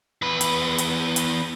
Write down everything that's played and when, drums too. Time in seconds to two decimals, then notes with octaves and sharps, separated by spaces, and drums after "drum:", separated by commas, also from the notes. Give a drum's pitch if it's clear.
0.22 E2 B4
0.41 drum: hi-hat
0.78 drum: hi-hat
1.16 drum: hi-hat